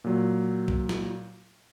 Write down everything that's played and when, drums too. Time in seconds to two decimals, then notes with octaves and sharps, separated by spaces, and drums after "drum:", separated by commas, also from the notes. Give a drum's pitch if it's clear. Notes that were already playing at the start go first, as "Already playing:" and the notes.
0.04 A#2 F#3
0.68 drum: kick
0.89 drum: snare